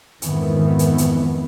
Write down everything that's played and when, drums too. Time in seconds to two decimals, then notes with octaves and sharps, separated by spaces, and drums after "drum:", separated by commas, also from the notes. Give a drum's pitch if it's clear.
0.22 F2 G#2 D#3 E3 B3, drum: hi-hat
0.79 drum: hi-hat
0.98 drum: hi-hat